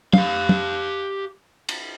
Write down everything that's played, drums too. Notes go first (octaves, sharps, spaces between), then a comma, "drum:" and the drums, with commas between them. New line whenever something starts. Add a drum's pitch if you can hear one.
G4 F5, drum: tom
drum: tom
drum: cymbal